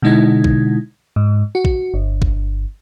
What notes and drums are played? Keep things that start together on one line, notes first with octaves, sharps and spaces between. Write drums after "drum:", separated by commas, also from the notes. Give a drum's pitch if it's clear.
B2 D3 G#3 D#4 E4 G#6
drum: kick A#1
G#2
F#4
drum: kick A#1
G1
drum: kick A#1